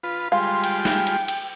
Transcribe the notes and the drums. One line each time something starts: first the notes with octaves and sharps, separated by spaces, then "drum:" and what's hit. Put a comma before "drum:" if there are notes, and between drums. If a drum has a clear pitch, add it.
F4 B4
G3 G#3 F4 F5 C6
G5, drum: cymbal
drum: snare
drum: cymbal
drum: cymbal